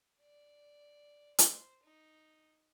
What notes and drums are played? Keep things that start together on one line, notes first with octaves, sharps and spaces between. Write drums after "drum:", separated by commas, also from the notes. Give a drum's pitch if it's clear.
D5
C5, drum: hi-hat
D#4